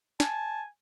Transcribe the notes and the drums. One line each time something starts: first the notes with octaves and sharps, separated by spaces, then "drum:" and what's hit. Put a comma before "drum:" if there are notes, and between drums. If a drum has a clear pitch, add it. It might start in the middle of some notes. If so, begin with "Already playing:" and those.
G#5 A5, drum: snare